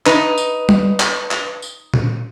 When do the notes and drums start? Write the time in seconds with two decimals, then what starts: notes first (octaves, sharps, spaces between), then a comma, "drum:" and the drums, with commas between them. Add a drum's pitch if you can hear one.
0.06 D#4 B4, drum: clap
0.38 drum: tambourine
0.69 drum: tom G3
1.00 drum: clap
1.31 drum: clap
1.62 drum: tambourine
1.94 drum: tom A#2